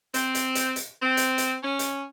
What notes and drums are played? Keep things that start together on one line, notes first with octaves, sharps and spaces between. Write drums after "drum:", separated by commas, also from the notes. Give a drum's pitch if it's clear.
C4, drum: hi-hat
drum: hi-hat
drum: hi-hat
drum: hi-hat
C4
drum: hi-hat
drum: hi-hat
C#4
drum: hi-hat